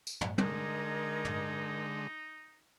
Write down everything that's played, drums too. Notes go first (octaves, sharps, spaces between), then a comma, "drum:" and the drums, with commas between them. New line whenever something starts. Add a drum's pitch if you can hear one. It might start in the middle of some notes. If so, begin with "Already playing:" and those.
drum: tambourine
drum: tom
D3 G#3 D#4 A#4 D#5 G#6, drum: tom
drum: tom